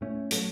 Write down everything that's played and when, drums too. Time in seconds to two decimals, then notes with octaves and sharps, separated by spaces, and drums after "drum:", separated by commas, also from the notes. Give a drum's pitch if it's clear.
0.01 A2 A3 C#4
0.31 A2 F#3 A3, drum: hi-hat